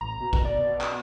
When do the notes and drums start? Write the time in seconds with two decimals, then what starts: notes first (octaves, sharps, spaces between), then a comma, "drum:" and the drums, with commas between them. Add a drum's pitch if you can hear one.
0.01 A1 A#5
0.20 B2
0.33 drum: kick
0.45 D5
0.81 drum: clap